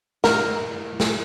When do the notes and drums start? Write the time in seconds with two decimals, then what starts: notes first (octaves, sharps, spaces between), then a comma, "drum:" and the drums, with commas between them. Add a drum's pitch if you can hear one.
0.24 A#4, drum: snare
1.00 drum: snare